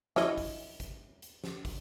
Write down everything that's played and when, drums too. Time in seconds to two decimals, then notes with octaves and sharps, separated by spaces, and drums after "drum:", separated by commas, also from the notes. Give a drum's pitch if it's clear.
0.16 E4 C#5 D#5, drum: snare
0.37 drum: kick, open hi-hat
0.80 drum: kick, hi-hat
1.22 drum: hi-hat
1.44 drum: snare
1.65 drum: kick, open hi-hat